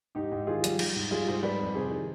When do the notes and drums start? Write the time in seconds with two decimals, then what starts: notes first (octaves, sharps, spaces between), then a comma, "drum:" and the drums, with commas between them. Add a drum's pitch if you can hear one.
0.15 G#2 D#4 G4
0.32 G#2
0.47 D#3 F4 G#4
0.64 G3, drum: hi-hat
0.79 G3, drum: cymbal
0.96 G#2
1.11 G3 F4 G#4
1.28 G#2 G#4 C5
1.43 G3 B4 D5
1.60 F2
1.75 C3 G#4 C5
1.91 D#3